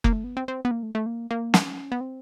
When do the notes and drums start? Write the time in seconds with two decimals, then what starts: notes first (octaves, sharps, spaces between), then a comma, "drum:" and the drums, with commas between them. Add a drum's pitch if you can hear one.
0.04 A#3, drum: kick F#1
0.13 A3
0.24 B3
0.37 C4
0.48 C4
0.65 B3
0.71 A#3
0.83 A3
0.95 A3
1.06 A#3
1.31 A#3
1.54 C#4, drum: snare
1.92 B3
2.01 C4